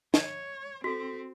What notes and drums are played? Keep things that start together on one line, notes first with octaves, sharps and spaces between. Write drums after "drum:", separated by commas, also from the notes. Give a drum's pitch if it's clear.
C#5, drum: snare
C4 F#4 A4 B6